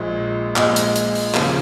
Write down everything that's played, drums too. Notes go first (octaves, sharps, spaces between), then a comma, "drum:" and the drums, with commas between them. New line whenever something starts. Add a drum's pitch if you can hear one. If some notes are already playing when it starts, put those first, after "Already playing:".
Already playing: A#1 A#2 G#3
A#1 A#2 G#3, drum: clap
drum: hi-hat
drum: hi-hat
drum: open hi-hat
F1 D#2 C#3 F3 A#3, drum: clap